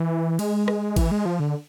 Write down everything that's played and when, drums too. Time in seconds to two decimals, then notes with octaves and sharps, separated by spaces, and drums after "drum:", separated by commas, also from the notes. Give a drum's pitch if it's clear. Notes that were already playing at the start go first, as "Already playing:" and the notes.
Already playing: E3
0.39 G#3, drum: cymbal
0.68 drum: rim click
0.96 E3, drum: kick G#1, cymbal
1.11 G#3
1.26 F3
1.40 D3